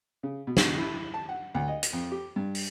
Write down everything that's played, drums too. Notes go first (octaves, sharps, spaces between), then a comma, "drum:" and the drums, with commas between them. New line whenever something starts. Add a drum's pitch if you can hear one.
C#3
B2
drum: snare
E4
A5
F#5
D2
D#5
drum: hi-hat
F2
G4
G2
drum: open hi-hat